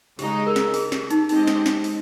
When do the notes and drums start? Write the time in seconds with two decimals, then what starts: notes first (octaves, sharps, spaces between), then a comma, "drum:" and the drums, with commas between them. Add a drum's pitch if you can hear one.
0.19 C#3 G#3 D#4 G4, drum: open hi-hat
0.47 A#4
0.56 drum: snare
0.74 G#4, drum: open hi-hat
0.92 G4, drum: snare
1.10 D#4, drum: hi-hat
1.29 G#3 C4 D#4 G4 C5 D#5, drum: open hi-hat
1.48 drum: snare
1.66 drum: snare
1.84 drum: open hi-hat